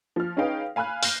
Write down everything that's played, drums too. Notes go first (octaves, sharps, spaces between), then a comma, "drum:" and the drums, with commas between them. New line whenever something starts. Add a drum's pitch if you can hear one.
F3 F6
C#4 D#4 G#4 B4 F5 G5
F5 G#5 B5 F6 F#6
F6 G6 A#6 C7, drum: open hi-hat